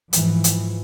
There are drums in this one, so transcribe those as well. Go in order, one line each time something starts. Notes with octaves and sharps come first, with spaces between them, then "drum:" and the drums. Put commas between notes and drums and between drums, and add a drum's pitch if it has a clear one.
G#2 E3 F3, drum: hi-hat
drum: hi-hat